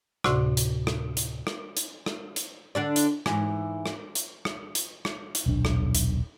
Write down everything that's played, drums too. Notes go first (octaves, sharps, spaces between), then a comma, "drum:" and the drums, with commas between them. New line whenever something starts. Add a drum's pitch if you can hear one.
D2 A2 C3 F#4 D5 C6, drum: rim click
drum: hi-hat
drum: rim click
drum: hi-hat
drum: rim click
drum: hi-hat
drum: rim click
drum: hi-hat
D3 D4 D5
drum: hi-hat
G#2 E3, drum: rim click
drum: rim click
drum: hi-hat
drum: rim click
drum: hi-hat
drum: rim click
drum: hi-hat
D#1 B1 D4
drum: rim click
drum: hi-hat